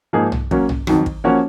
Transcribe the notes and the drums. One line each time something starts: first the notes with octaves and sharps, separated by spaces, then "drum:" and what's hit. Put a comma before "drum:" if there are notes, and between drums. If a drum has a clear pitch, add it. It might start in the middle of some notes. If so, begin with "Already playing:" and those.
G#2 F3 A#3 D#4 G#4
drum: tom
F#3 A#3 C#4, drum: kick
drum: tom
F2 D#3 F#3, drum: rim click
drum: kick
F3 A#3 C#4 F#4 C#5